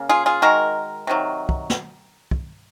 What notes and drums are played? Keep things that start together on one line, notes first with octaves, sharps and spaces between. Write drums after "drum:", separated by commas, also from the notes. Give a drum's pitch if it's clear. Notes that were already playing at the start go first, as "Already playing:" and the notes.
Already playing: C#3 A#3
F4 G#4
F4 G#4
D#3 G#3 F#4 A#4
C3 D#3 F#3
drum: kick
drum: snare
drum: kick